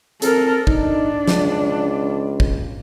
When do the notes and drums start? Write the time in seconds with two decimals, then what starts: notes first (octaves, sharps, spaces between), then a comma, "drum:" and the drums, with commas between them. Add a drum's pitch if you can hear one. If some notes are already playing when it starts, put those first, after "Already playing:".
0.22 C4 A4 A#4, drum: hi-hat
0.67 D4 D#4, drum: kick
1.28 C#2, drum: snare
2.40 drum: kick